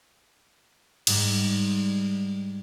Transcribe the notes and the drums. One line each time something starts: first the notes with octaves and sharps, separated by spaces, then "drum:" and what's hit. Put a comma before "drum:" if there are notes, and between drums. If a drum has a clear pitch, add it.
G#2 G3, drum: cymbal